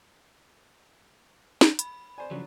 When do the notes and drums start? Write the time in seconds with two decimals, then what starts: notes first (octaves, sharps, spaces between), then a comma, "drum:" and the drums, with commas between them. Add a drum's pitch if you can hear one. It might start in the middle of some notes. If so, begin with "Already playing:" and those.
1.61 drum: snare
1.79 B5, drum: hi-hat
2.18 C5 D5 G#5
2.31 C#3 F3 F#3 D4